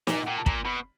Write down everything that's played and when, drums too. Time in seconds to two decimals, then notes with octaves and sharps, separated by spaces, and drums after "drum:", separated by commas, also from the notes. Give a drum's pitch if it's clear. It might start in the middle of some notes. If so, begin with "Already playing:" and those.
0.07 A#2 G#5, drum: snare
0.23 F#5
0.27 A#2 G5
0.38 A5
0.46 A#2 A#5, drum: kick
0.65 B2 B5